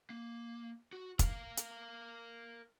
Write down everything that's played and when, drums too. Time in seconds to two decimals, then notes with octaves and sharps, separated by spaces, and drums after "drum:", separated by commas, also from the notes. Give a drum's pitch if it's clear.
0.10 A#3
0.93 F#4
1.19 A#4 F5, drum: kick, hi-hat
1.57 drum: hi-hat